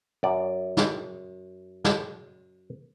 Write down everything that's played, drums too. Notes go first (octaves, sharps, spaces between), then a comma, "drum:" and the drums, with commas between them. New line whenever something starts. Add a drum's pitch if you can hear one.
F#2 D5
drum: snare
drum: snare